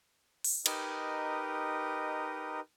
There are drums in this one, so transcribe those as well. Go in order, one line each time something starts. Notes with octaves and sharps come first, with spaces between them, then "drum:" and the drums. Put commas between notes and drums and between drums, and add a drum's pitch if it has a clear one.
drum: open hi-hat
D#4 G4 A#4 B4 D#5, drum: cymbal